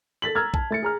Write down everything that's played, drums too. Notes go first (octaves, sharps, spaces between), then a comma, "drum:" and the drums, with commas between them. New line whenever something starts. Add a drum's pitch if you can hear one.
A4 A6 B6 F#7
A#5 E6 F6 G#6 A6
A5, drum: kick A#1
A3 A6 C#7
G#4 A#5 F6